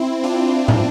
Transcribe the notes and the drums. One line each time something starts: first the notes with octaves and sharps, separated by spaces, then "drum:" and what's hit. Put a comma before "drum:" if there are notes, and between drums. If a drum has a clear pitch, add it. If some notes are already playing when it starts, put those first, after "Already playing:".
Already playing: C4 E4
D4 F4
drum: tom